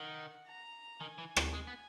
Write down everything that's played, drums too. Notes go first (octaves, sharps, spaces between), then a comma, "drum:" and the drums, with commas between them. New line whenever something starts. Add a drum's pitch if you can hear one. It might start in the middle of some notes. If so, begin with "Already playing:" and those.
Already playing: D#3 F#5
A#5
D#3 G#5
E3
F#3, drum: rim click
G#3
B3